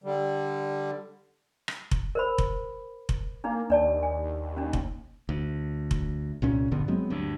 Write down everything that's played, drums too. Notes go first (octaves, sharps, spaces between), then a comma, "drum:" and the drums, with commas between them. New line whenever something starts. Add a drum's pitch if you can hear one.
D3 G3
drum: rim click
drum: kick F1
A#4 C5 B5
drum: kick F1
drum: kick F1
A#3 D4 D#4
D#2 D4 D5 A5
G#5
C#4 D4
drum: kick F1
D2
drum: kick F1
C2 A#2 C#4
A#1 G2 D3 B3
F#3 G#3 B3 C4
D2 G2